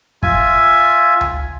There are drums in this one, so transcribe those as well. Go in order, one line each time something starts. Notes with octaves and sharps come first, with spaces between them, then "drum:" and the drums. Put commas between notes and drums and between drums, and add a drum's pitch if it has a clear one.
F4 E5 G#5, drum: kick
drum: tom C#2